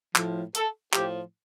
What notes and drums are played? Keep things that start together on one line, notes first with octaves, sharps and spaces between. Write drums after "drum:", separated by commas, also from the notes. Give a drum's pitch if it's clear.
A2 F3, drum: clap
A4, drum: hi-hat
A2 F3 G4, drum: clap